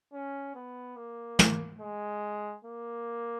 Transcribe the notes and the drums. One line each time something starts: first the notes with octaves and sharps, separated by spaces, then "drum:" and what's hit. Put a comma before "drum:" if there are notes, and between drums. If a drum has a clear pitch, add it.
C#4
B3
A#3
drum: snare
G#3
A#3